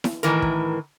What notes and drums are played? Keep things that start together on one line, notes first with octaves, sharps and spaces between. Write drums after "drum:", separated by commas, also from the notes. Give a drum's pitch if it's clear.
drum: snare E4
A2 D#3 E3 A#4, drum: hi-hat
drum: kick